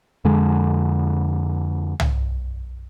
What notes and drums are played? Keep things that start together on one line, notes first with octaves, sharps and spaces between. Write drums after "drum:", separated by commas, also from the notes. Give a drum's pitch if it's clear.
F2 D3 G#3
drum: tom C2